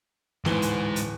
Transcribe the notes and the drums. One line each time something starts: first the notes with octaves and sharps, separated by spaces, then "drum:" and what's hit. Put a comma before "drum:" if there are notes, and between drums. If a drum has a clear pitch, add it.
D1 G#2 E3 G7, drum: snare A3
drum: hi-hat
drum: hi-hat